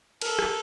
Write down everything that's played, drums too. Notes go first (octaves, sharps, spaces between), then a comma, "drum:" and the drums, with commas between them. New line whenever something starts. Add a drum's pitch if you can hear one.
A4 A#4, drum: cymbal
drum: rim click